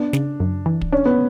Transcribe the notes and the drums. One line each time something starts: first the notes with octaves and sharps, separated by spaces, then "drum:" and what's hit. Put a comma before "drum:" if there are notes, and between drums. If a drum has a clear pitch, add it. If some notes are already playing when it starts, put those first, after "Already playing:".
Already playing: B3 D4
C#3, drum: snare
F#2
E3
drum: kick
C#4 D4
B3